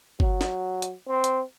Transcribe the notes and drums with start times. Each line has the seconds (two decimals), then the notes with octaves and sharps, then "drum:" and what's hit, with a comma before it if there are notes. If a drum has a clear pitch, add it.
0.20 F#3, drum: kick G1
0.41 drum: snare
0.82 drum: hi-hat
1.08 C4
1.24 drum: hi-hat